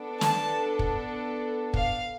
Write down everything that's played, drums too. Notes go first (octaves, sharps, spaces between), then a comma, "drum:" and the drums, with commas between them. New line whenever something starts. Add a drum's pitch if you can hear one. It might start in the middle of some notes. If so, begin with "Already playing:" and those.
Already playing: B3 D4 A4
A5, drum: snare
drum: kick
F5, drum: kick